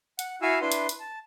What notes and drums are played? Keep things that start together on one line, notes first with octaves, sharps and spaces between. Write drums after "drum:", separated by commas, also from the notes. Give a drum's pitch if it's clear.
F#5, drum: hi-hat
E4 F#4 E5 F5 G#5 E6
D4 E4 B4 C6
drum: hi-hat
drum: hi-hat
A5